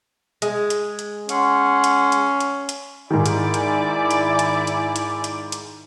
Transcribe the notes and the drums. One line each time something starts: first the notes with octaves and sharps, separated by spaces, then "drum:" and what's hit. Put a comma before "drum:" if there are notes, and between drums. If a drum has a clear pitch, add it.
G#3, drum: hi-hat
drum: hi-hat
drum: hi-hat
C#4 F#5 C6, drum: hi-hat
drum: hi-hat
drum: hi-hat
drum: hi-hat
drum: hi-hat
G#2 D#3 E4 D5 G#5 D6
drum: hi-hat
drum: hi-hat
drum: hi-hat
drum: hi-hat
drum: hi-hat
drum: hi-hat
drum: hi-hat
drum: hi-hat